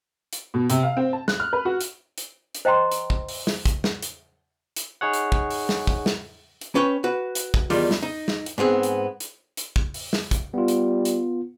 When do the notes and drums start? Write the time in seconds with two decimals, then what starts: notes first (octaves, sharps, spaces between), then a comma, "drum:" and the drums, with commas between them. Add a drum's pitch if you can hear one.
0.33 drum: hi-hat
0.54 B2
0.70 C3, drum: hi-hat
0.83 F5
0.97 C4
1.13 A5
1.28 F#6, drum: snare
1.40 F6
1.53 B4
1.65 F#4
1.81 drum: hi-hat
2.18 drum: hi-hat
2.55 drum: hi-hat
2.65 C5 D#5 G5 A#5 C6
2.92 drum: hi-hat
3.10 drum: kick
3.29 drum: open hi-hat
3.47 drum: snare
3.66 drum: kick, hi-hat
3.84 drum: snare
4.03 drum: hi-hat
4.76 drum: hi-hat
5.01 D#4 G#4 C#5 F#5
5.13 drum: hi-hat
5.32 drum: kick
5.50 drum: open hi-hat
5.69 drum: snare
5.87 drum: kick
6.06 drum: snare
6.61 drum: hi-hat
6.75 C#4 B4 C#5 G5
7.04 F#4 B4
7.35 drum: hi-hat
7.54 drum: kick
7.70 E2 D#3 G3 F4, drum: open hi-hat
7.91 drum: snare
8.03 D#4
8.28 drum: snare
8.46 drum: hi-hat
8.58 G#2 B3 C4 G#4
8.83 drum: hi-hat
9.20 drum: hi-hat
9.57 drum: hi-hat
9.76 drum: kick
9.94 drum: open hi-hat
10.13 drum: snare
10.31 drum: kick, hi-hat
10.54 G3 B3 F4
10.68 drum: hi-hat
11.05 drum: hi-hat